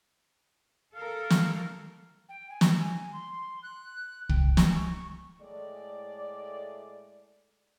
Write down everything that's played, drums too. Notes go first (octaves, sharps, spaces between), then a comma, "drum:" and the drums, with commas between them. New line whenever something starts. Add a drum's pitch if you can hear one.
A4 A#4 F5
drum: snare
G5
G#5
drum: snare
C6
F#6
G5, drum: kick
G#5, drum: snare
C#6
A2 G#3 A3 D5